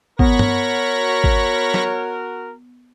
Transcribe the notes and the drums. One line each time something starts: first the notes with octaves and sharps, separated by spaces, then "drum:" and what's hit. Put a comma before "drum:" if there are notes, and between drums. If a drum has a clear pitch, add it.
B3 F#4 A#4 C#5 B5 C#6 A#6, drum: kick
drum: tom G2
drum: kick
drum: snare